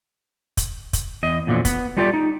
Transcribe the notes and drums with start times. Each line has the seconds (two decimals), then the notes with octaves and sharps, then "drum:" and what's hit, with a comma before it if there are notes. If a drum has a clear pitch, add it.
0.57 drum: kick, hi-hat
0.93 drum: kick, hi-hat
1.23 E2 D#5
1.47 E2 A#2 D3 F3 F#3
1.65 B3, drum: kick, hi-hat
1.97 G3 A3 F4 G4 B4 D5
2.14 D#4